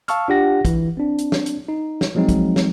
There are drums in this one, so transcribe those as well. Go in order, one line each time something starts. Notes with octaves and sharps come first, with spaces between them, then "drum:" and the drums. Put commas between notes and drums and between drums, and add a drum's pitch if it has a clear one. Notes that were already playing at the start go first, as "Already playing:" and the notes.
F5 A5 C#6 E6 F6, drum: hi-hat
D4 F4 G4 F#5 A#6
E3 E4, drum: kick, hi-hat
C4 D4
drum: hi-hat
drum: snare
drum: hi-hat
D#4
drum: snare
F3 F#3 G#3 C4 D#4
drum: kick, hi-hat
drum: snare